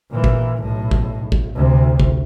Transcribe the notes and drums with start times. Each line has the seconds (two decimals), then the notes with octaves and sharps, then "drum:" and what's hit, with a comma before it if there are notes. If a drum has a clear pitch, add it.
0.10 A#2 E3
0.24 drum: kick
0.61 B1 A2
0.91 drum: kick
1.32 drum: kick
1.55 D2 C3
2.00 drum: kick